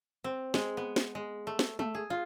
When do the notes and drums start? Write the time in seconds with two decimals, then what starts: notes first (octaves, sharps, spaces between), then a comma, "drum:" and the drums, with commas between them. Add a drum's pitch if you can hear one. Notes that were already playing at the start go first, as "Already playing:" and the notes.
0.24 C4
0.54 G#3, drum: snare
0.77 B3
0.96 drum: snare
1.15 G#3
1.47 A3
1.59 drum: snare
1.79 A3, drum: tom
1.95 G#4
2.10 F4